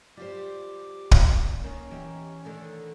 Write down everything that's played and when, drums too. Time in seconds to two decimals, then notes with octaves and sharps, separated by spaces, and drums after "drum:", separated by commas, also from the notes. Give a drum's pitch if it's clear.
0.17 G3 F4 G4 C5 D6
1.11 drum: kick
1.21 A#2 C#3
1.64 D#3 A#3 C#4
1.91 E2 E3 D#4 G4
2.45 D3 D#3 A3